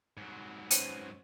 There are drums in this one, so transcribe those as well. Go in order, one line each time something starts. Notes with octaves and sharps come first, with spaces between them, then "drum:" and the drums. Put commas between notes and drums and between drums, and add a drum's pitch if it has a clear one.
G#2 F#3
C#4 B4 C5 D#7, drum: hi-hat